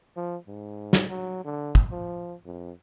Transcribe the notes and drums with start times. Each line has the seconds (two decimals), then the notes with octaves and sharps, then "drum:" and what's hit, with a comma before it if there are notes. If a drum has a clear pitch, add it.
0.16 F3
0.48 G#2
0.93 drum: snare
1.09 F#3
1.45 D3
1.75 drum: kick
1.91 F3
2.46 F2